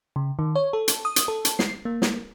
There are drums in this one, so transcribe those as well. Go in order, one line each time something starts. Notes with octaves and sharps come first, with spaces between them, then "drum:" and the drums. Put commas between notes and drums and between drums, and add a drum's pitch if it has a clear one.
C#3
D#3
C#5
A4
drum: hi-hat
D#6
drum: hi-hat
A4
drum: hi-hat
C7, drum: snare
A#3
drum: snare